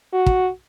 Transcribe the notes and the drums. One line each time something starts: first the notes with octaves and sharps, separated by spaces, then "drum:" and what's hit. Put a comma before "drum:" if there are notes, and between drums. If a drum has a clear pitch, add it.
F#4
drum: kick